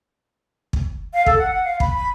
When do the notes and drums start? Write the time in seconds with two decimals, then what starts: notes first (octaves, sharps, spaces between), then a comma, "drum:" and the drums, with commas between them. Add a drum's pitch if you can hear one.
0.73 drum: kick
1.14 F5
1.26 A4, drum: kick
1.38 F#5
1.52 F#5
1.64 F5
1.80 B5, drum: kick
1.94 B5